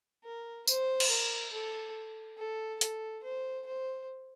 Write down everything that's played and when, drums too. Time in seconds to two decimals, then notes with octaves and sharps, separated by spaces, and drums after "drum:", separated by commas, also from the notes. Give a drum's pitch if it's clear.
0.24 A#4
0.67 C5, drum: tambourine
1.00 drum: cymbal
1.10 A#4
1.52 A4
2.38 A4
2.81 A4, drum: hi-hat
3.24 C5
3.67 C5